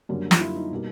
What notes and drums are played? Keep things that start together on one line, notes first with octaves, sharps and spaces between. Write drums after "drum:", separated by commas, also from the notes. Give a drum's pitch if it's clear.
F#2 D3 G3 A#3
F4, drum: snare
E4
D#4
B2 G3 A#3